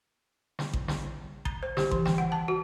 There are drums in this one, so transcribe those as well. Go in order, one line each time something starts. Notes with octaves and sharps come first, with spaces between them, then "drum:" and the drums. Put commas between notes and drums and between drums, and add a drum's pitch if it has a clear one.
drum: snare
drum: kick A1
drum: snare
A#5, drum: kick A1
C5
G4, drum: snare
E3, drum: kick A1
G5, drum: snare
F#5
A5
F#4